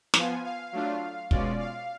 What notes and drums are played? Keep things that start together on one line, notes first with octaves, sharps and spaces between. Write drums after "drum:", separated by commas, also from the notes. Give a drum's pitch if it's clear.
F3 B3 F4 G#5, drum: snare
F5
F#3 A3 D4 F4
B2 G#3 C#4 F4 D5, drum: kick
F5